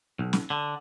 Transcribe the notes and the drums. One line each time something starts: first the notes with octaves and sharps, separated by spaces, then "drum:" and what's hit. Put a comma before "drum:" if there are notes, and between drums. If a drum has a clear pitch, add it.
B1
drum: snare
D3